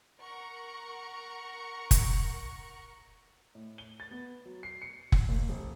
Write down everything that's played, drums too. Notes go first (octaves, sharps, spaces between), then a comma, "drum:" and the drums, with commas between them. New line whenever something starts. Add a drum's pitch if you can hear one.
A#4 F#5 A#5 C#6
drum: kick F1, hi-hat
A2
G7
A6
B3
F#3
C7
C#7
drum: kick F1
D#2
F1